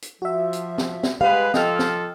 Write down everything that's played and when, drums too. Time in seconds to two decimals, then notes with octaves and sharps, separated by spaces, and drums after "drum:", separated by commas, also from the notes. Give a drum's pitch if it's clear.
0.02 drum: hi-hat
0.22 F3 F#4 E5
0.53 drum: hi-hat
0.78 drum: snare
1.03 drum: snare
1.21 G3 G#3 G4 B4 F5
1.54 F3 A4 D#5 G5 F6, drum: snare
1.79 drum: snare